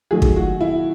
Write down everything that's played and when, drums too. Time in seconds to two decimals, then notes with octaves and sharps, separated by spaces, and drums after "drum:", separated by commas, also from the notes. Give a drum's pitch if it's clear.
0.11 D#3 F#3 A3 G#4
0.22 drum: kick
0.36 F#4
0.61 E4